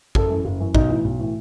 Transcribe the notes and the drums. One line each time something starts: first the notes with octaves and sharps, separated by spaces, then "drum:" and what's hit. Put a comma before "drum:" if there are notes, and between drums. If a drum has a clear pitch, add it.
F#1 A4, drum: kick A1
F#2 E3
F#1
F#2 E3
B1 D#4, drum: kick A1
A2 E3
B1
A2 E3